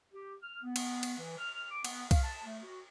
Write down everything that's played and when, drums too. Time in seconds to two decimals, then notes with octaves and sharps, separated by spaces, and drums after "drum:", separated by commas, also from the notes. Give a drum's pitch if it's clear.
0.13 G4
0.42 F6
0.63 B3
0.76 drum: cymbal
1.03 drum: cymbal
1.18 E3
1.38 F6
1.71 D6
1.85 B3, drum: cymbal
2.11 F5, drum: kick C2, cymbal
2.23 A5
2.45 A3
2.63 F#4